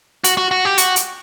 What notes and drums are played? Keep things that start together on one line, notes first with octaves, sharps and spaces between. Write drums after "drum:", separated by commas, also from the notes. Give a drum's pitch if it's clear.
F#4, drum: hi-hat
F#4
F#4
G4
F#4, drum: hi-hat
drum: hi-hat